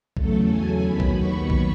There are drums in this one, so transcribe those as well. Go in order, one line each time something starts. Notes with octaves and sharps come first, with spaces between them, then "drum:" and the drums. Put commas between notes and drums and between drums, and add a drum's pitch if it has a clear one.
E2 C#3 F#3 A3 A4, drum: kick B1
G#5
D#2 D#3 F#3 B3 B5
drum: kick B1
C#6
drum: kick B1